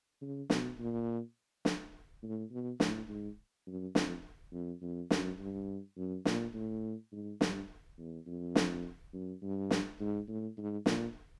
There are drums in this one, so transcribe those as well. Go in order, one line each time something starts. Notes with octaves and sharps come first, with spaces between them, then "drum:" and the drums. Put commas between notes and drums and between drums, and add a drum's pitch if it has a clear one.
C#3
B2, drum: snare
A#2
drum: snare
A2
B2
A2, drum: snare
G#2
F#2
F2, drum: snare
F2
F2
F#2, drum: snare
G2
F#2
A#2, drum: snare
A2
G#2
G2, drum: snare
E2
F2
drum: snare
F#2
G2
drum: snare
G#2
A2
G#2
A#2, drum: snare